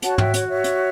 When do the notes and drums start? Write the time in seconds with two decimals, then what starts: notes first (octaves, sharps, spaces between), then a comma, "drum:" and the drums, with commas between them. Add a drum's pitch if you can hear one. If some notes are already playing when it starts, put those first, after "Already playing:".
0.02 F#4 C#5 F#5 A5, drum: hi-hat
0.18 E5 G5, drum: tom
0.34 C#5, drum: hi-hat
0.48 C#5 E5
0.64 drum: hi-hat